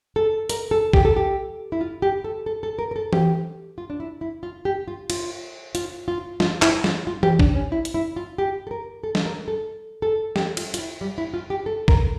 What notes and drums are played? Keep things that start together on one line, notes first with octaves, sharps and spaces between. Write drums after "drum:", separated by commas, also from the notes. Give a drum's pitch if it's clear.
A4
A#4, drum: hi-hat
A4
G4, drum: kick
A4
G4
E4
F4
G4
A4
A4
A4
A#4
A#4
A4
G4, drum: tom E3
F4
D4
E4
E4
F4
G4
F4
F4, drum: cymbal
F4, drum: hi-hat
F4
F4, drum: snare
E4, drum: clap
F4, drum: snare
F4
G4, drum: tom E3
D4, drum: kick
C#4
E4
drum: hi-hat
E4
F4
G4
A4
A#4
A4
drum: snare
A#4
A4
A4
G4, drum: snare
F4, drum: cymbal
F4, drum: hi-hat
E4
G3
E4
F4
G4
A4
A#4, drum: kick